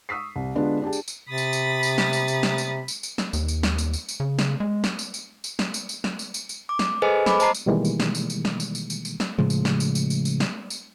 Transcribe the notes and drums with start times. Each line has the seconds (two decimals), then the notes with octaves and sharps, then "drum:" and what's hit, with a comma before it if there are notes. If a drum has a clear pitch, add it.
0.09 C#6 D#6 E6 B6 C7
0.36 C2
0.55 D3 G#3 B3 D4 F4 G4
0.82 D4 G4 G#4 A5
0.93 drum: tambourine
1.08 drum: tambourine
1.29 C3 B5 D#6 A6
1.38 drum: tambourine
1.53 drum: tambourine
1.83 drum: tambourine
1.98 drum: snare
2.13 drum: tambourine
2.28 drum: tambourine
2.43 drum: snare
2.58 drum: tambourine
2.88 drum: tambourine
3.03 drum: tambourine
3.18 drum: snare
3.33 D#2, drum: tambourine
3.48 drum: tambourine
3.63 drum: snare
3.78 drum: tambourine
3.93 drum: tambourine
4.09 drum: tambourine
4.20 C#3
4.39 drum: snare
4.60 G#3
4.84 drum: snare
4.99 drum: tambourine
5.14 drum: tambourine
5.44 drum: tambourine
5.59 drum: snare
5.74 drum: tambourine
5.89 drum: tambourine
6.04 drum: snare
6.19 drum: tambourine
6.34 drum: tambourine
6.49 drum: tambourine
6.69 D6
6.79 drum: snare
7.02 G#4 A4 B4 C5 D#5 G#5
7.26 B5 D6, drum: snare
7.40 C5 D#5 A5 A#5 C7, drum: tambourine
7.54 drum: tambourine
7.66 B2 D#3 E3 G3 G#3 A#3
7.85 drum: tambourine
8.00 drum: snare
8.15 drum: tambourine
8.30 drum: tambourine
8.45 drum: snare
8.60 drum: tambourine
8.75 drum: tambourine
8.90 drum: tambourine
9.05 drum: tambourine
9.20 drum: snare
9.39 A2 C#3 F3 G#3
9.50 drum: tambourine
9.65 drum: snare
9.80 drum: tambourine
9.95 drum: tambourine
10.10 drum: tambourine
10.25 drum: tambourine
10.40 drum: snare
10.70 drum: tambourine